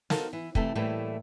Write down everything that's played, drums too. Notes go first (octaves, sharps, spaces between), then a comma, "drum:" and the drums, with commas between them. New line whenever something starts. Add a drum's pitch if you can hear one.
D#4 F#4 A4 A#4 C5 F5, drum: snare
E3
C3 E3 A3 A4, drum: kick
A2 E3 G3 A3 A#3